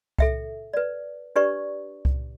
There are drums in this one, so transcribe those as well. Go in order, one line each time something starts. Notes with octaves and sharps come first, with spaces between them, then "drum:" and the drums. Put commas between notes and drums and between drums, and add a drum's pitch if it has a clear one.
A4 E5 G5, drum: kick C2
B4 D5
D4 G4 B4 D5 C#6
drum: kick C2